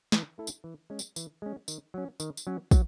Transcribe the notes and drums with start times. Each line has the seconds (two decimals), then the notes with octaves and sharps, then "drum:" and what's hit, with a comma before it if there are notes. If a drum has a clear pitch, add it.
0.12 E3, drum: snare
0.38 A3 E4 A4
0.47 drum: tambourine
0.64 E3
0.90 G#3 C#4
0.99 drum: tambourine
1.16 E3, drum: tambourine
1.42 G#3 C#4
1.68 D#3, drum: tambourine
1.94 F#3 C#4
2.20 D#3, drum: tambourine
2.37 drum: tambourine
2.47 F#3 C#4
2.71 F#3, drum: kick, tambourine